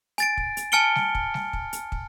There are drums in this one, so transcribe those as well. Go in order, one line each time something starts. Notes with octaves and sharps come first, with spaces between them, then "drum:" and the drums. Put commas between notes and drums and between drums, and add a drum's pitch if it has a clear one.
G#5 A6 D7, drum: hi-hat
drum: kick
drum: hi-hat
G#5 A5 F6 C#7 D7 G7
drum: snare
drum: kick
drum: snare
drum: kick
drum: hi-hat
drum: kick